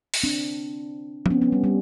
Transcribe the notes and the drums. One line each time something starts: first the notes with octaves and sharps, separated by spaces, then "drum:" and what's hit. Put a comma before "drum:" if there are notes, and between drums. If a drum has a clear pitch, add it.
drum: open hi-hat
C4 D4
C4, drum: tom F3
B3 C#4
B3 C#4
G3
G3